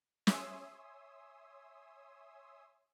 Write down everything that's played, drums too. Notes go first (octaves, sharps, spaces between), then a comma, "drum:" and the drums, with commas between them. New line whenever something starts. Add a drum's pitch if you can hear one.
C#5 E5 G#5 C6 D#6 E6, drum: snare